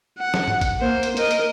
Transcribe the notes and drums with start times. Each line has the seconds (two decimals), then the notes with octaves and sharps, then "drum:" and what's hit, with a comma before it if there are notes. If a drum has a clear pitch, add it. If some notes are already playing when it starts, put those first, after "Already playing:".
0.19 F#5
0.34 drum: snare
0.48 drum: tom G#2
0.61 drum: kick A1, hi-hat
0.81 A#3 C5
1.03 drum: hi-hat
1.17 A#4 D#5, drum: hi-hat
1.31 drum: hi-hat